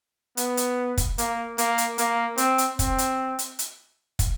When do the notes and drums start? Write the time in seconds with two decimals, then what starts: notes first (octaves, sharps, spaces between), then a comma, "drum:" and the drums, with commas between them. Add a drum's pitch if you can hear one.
0.37 B3, drum: hi-hat
0.57 drum: hi-hat
0.97 drum: kick, hi-hat
1.18 A#3, drum: hi-hat
1.58 A#3, drum: hi-hat
1.78 drum: hi-hat
1.98 A#3, drum: hi-hat
2.38 C4, drum: hi-hat
2.58 drum: hi-hat
2.79 C4, drum: kick, hi-hat
2.98 drum: hi-hat
3.39 drum: hi-hat
3.59 drum: hi-hat
4.19 drum: kick, hi-hat